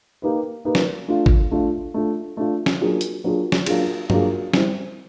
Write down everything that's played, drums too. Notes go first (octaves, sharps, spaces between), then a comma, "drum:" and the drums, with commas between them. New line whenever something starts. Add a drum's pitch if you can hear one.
A#3 D#4 G4 B4
A#3 D#4 G4 B4
drum: snare
A3 D4 F4
drum: kick
A3 D4 F4
A3 D4 F4
A3 D4 F4
drum: snare
F#3 A#3 D4 F4 G#4
drum: hi-hat
F#3 A#3 D4 F4 G#4
drum: snare
F#3 A#3 D4 F4 G#4, drum: cymbal
F#3 A#3 D4 F4 G#4, drum: tom G2
G3 C4 E4, drum: snare